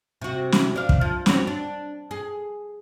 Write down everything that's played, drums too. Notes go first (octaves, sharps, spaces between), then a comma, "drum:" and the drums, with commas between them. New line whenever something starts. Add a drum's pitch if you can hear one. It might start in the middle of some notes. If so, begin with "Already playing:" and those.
C3 F#4
drum: snare
D4 F5
drum: kick
F3
C4 F#4 C#5, drum: snare
D4
G#4